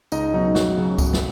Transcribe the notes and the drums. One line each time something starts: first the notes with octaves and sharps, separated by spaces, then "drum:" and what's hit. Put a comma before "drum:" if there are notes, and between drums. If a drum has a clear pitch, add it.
C#2 D#4 D#5, drum: tambourine
B2 F#3 D#4 D#5
F#2 F#3 F#4, drum: snare
C#3 F#3
B1, drum: kick, tambourine
drum: snare